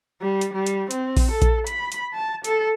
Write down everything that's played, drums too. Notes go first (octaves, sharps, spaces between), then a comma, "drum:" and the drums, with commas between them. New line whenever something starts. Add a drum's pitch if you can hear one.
G3
drum: hi-hat
G3
drum: hi-hat
C4, drum: hi-hat
drum: kick A#1, open hi-hat
A4
drum: kick A#1, hi-hat
B5, drum: hi-hat
drum: hi-hat
A5
A4, drum: hi-hat